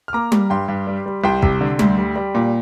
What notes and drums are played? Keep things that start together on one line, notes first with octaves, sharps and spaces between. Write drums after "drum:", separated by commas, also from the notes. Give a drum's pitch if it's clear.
F6
A#3 A#5 D6
G3, drum: tom G3
G2 G5 C6
G2
G3
G3
C2 G5 C6
C3, drum: kick
D3
D2, drum: tom G3
G3
G3
A#2